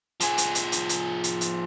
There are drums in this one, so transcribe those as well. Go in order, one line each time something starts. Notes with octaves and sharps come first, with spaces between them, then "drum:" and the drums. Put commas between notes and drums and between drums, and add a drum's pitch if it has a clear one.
F3 G#4, drum: hi-hat
drum: hi-hat
drum: hi-hat
drum: hi-hat
drum: hi-hat
drum: hi-hat
drum: hi-hat